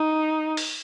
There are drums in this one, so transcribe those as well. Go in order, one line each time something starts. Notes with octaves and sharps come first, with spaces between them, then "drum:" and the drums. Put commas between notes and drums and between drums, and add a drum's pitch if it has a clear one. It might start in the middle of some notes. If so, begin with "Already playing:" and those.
Already playing: D#4
drum: open hi-hat